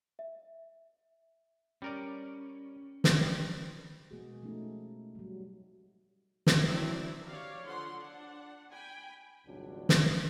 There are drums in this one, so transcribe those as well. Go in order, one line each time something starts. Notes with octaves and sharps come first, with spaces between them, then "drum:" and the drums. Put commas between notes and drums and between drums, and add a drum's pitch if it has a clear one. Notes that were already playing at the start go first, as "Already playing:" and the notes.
E5
G3 C#4 A#4 D5
drum: snare
G3
B2 G#3 A#3 B3 F#4 G#4
F3 A3 A#3 C#4 D#4
F#3 G3
drum: snare
F#3 C4 D4 E4 E5
G4 C#5 D5 F5
D3 F3 F#5 C6
D4 F#5
G5 G#5 B5
G#1 C#2 A#2 F#3 G3 D4
drum: snare